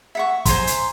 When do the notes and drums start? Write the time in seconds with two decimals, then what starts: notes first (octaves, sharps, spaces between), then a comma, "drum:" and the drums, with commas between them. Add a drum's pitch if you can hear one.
0.15 E5 F#5 C#6
0.45 C5 G#5 A#5 C6, drum: kick, hi-hat
0.67 drum: hi-hat